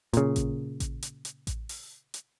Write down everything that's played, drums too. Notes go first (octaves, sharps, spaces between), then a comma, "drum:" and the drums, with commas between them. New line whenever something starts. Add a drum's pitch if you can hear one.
A#2 C#3, drum: hi-hat
drum: kick A1, hi-hat
drum: kick A1, hi-hat
drum: hi-hat
drum: hi-hat
drum: kick A1, hi-hat
drum: open hi-hat
drum: hi-hat